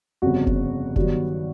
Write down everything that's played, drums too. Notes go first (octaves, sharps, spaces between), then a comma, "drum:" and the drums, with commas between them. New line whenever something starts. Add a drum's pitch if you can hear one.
G1 F2 C#3 F#4
drum: kick F1
G2 D#3 F#3 B3, drum: kick F1